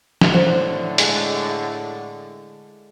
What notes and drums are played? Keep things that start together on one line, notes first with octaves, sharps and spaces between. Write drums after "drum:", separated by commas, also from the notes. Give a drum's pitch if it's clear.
drum: snare
A2 D3 C5 F#5
G#3 F#5, drum: hi-hat